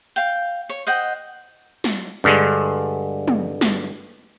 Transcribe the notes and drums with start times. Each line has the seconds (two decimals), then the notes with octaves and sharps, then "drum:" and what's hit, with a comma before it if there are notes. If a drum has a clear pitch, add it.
0.16 F5 G5, drum: hi-hat
0.69 C#5
0.87 C5 D#5 F#5 G5
1.84 drum: snare
2.24 G2 D3 G#3
3.28 drum: tom
3.61 drum: snare